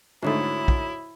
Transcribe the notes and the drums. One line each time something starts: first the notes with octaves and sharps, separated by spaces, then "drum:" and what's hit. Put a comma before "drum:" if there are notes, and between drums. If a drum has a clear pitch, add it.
G#2 D3 A3 E4 F#4 C#5 D#6
drum: kick